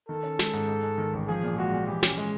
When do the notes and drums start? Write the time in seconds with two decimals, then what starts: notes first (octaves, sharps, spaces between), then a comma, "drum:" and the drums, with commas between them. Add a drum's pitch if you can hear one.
0.09 D#3 A4
0.23 C#4
0.39 G#3, drum: snare
0.53 G#2
0.68 G#2
0.83 G#3
0.98 D#3
1.13 A1
1.28 F3 G#4
1.44 A#2
1.58 G#3 F#4
1.73 A#2
1.87 E3 G4
2.03 C#4, drum: snare
2.18 G#3